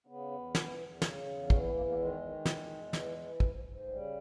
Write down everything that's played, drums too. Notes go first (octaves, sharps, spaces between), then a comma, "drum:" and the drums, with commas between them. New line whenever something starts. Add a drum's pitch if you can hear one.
C#3 B3
E2
E3, drum: snare
E2
C#3, drum: snare
E2
E3 C#4, drum: kick
B3
E2 A#3
A#3
D#3 G#3
D#3
E2, drum: snare
E2
E3, drum: snare
E3
G#2, drum: kick
G#2
C#3 G3